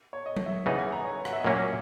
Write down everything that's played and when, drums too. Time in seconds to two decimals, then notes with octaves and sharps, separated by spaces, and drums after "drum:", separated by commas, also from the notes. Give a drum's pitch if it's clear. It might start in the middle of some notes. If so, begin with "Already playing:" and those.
0.13 C#5
0.26 D#5
0.36 drum: tom F#3
0.46 E5
0.66 C#3 E3 B3 D#4 F#5
0.79 G#5
0.92 A#5
1.05 C#5
1.25 F#5, drum: rim click
1.33 E5
1.40 D#5
1.45 A#2 F#3 A#3 C#4 E5